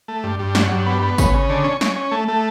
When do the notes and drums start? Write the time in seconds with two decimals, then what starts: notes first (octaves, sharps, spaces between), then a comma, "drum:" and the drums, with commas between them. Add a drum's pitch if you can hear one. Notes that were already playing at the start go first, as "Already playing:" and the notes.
0.08 A3
0.24 G2
0.39 G2
0.55 F#3, drum: snare
0.71 G2
0.86 B3
1.02 B3
1.18 C#3, drum: kick G#1, tambourine
1.34 C#3
1.49 D3
1.64 C#4
1.81 C#4, drum: snare
1.96 C#4
2.11 A3
2.28 A3